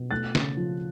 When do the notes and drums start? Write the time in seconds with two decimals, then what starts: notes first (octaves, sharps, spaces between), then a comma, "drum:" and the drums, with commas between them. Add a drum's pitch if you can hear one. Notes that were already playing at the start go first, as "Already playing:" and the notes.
Already playing: B2
0.11 A3 F#6 A6
0.35 C#3, drum: snare
0.57 F3